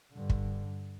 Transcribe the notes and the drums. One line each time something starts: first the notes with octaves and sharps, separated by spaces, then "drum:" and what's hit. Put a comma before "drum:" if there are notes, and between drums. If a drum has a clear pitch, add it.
G2 D3
drum: kick